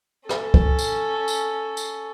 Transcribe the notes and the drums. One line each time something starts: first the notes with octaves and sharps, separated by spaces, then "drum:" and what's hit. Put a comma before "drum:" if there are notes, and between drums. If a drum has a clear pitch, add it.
C#4 A4, drum: rim click
drum: kick C2
drum: tambourine
drum: tambourine
drum: tambourine